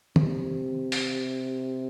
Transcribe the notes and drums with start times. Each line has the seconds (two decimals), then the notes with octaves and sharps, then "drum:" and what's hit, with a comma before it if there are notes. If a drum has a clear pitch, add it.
0.16 C3, drum: tom
0.92 drum: open hi-hat